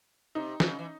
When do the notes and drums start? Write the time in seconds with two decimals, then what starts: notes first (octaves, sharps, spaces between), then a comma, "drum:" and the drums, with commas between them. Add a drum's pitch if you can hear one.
0.35 C3 D#4
0.60 C#3, drum: snare
0.79 E3